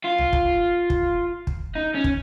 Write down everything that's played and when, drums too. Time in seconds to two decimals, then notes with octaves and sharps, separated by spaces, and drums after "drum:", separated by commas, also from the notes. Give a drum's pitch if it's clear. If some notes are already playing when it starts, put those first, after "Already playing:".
0.04 F4
0.18 drum: tom
0.33 drum: kick
0.90 drum: kick
1.47 drum: kick
1.75 D#4
1.95 C#4
2.04 drum: kick